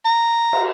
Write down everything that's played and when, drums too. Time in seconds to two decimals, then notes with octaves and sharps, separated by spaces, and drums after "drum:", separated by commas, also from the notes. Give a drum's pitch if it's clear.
0.05 A#5
0.53 drum: cymbal